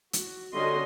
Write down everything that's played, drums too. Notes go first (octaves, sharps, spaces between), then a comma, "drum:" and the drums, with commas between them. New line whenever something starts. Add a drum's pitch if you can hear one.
F#4, drum: hi-hat
D3 G3 C#4 F#4 D#5 C6